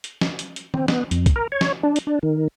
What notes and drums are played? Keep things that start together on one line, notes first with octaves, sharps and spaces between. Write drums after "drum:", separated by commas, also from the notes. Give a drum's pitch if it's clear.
drum: hi-hat
drum: snare
drum: hi-hat
drum: hi-hat
C4, drum: tom D#3
B3, drum: snare
F2, drum: hi-hat
drum: kick B1, hi-hat
A#4
C#5
drum: snare
D4
drum: hi-hat
D4
D#3